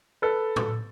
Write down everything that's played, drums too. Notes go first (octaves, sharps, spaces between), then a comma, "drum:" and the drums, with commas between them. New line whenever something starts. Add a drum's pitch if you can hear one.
A4 B4
drum: tom